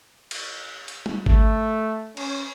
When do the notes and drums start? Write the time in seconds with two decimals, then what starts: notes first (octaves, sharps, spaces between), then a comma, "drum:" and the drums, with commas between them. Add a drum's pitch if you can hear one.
0.31 drum: cymbal
0.88 drum: hi-hat
1.06 drum: tom
1.26 A3, drum: kick G#1
2.17 C#4, drum: cymbal